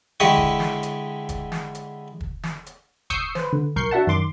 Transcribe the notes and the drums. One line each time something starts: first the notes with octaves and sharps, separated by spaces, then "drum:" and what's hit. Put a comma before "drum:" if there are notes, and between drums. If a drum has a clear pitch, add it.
D3 G#3 E4 G4 D#5 C#6
drum: kick
drum: snare
drum: hi-hat
drum: kick, hi-hat
drum: snare
drum: hi-hat
drum: kick
drum: snare
drum: hi-hat
C#6 D#6 E6 G6 C7, drum: kick, hi-hat
B4 C5, drum: snare
D3
B1 A#4 C#6 G6 C7
D4 F#4 E5 F#5 A5
F#2 D#3 C6 D6